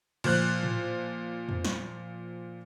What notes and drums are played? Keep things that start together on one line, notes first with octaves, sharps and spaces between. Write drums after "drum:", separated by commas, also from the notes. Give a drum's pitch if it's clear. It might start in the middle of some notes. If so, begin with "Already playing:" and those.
A#2 F3 F#6, drum: cymbal
drum: tom A2
drum: tom E2
drum: snare